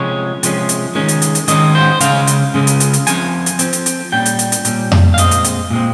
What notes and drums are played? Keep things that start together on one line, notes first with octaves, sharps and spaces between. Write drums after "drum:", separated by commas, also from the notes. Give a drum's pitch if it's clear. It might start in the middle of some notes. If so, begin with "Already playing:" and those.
Already playing: C3 F3 G#3 C#4 C#5
C3 F3 G#3 C#4, drum: hi-hat
drum: hi-hat
D#3 G#3 C#4
drum: hi-hat
drum: hi-hat
drum: hi-hat
D#3 G#3 C#4 D#5, drum: hi-hat
C5
C#3 G#3 C#4 F5, drum: hi-hat
drum: hi-hat
C#3 G#3 C#4
drum: hi-hat
drum: hi-hat
drum: hi-hat
F3 C4 G#5, drum: hi-hat
drum: hi-hat
F3 C4, drum: hi-hat
drum: hi-hat
drum: hi-hat
A#2 G3 C#4 G5
drum: hi-hat
drum: hi-hat
drum: hi-hat
A#2 G3 C#4, drum: hi-hat
drum: tom F2
F5
A#2 G#3 C4 D#5, drum: hi-hat
drum: hi-hat
drum: hi-hat
A#2 G#3 C4